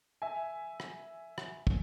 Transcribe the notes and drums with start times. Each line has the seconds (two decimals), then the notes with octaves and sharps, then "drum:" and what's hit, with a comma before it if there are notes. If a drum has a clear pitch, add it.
0.22 E5 G#5
0.80 drum: rim click
1.38 drum: rim click
1.67 drum: kick